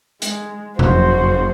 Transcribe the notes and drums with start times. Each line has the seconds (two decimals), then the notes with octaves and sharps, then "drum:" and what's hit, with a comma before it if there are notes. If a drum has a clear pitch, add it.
0.22 G#3, drum: hi-hat
0.79 F#1 F2 F#4 C5, drum: tom B2